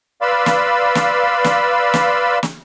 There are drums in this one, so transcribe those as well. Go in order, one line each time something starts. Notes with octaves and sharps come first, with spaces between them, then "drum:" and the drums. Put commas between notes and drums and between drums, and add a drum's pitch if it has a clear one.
B4 D5 F5 B5 C6 E6
drum: snare
drum: snare
drum: snare
drum: snare
drum: snare